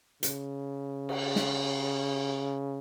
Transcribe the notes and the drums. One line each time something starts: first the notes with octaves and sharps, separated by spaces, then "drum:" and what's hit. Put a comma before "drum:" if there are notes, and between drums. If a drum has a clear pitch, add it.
C#3, drum: hi-hat
drum: cymbal
drum: snare